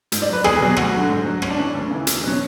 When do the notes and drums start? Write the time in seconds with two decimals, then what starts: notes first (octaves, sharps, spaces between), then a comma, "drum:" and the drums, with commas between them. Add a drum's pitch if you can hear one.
0.12 G#2, drum: hi-hat
0.22 D5
0.28 F#3 B4
0.44 E2 G#4, drum: rim click
0.61 B2 F#3
0.77 D2 F#4, drum: rim click
0.94 D3 F#3
1.09 G#2
1.26 F#3
1.42 G#2 C#4, drum: rim click
1.50 D4
1.58 E3 C#4
1.74 D2
1.91 C#3 E3
2.07 E2, drum: hi-hat
2.24 B2 F#3 C#4